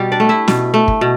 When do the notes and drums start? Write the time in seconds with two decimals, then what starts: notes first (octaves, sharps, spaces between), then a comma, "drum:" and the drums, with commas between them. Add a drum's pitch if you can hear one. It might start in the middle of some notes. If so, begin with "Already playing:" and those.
Already playing: B2 G3 G4
0.12 D4 D5
0.20 A3
0.29 E4 E5
0.48 B2, drum: snare
0.74 A3
0.88 drum: kick
1.01 B2